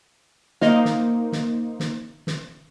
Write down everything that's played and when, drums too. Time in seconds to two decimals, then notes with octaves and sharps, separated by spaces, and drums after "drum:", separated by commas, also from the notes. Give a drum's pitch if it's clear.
0.61 A#3 D#4 C5 D#5 F5, drum: snare
0.85 drum: snare
1.32 drum: snare
1.80 drum: snare
2.27 drum: snare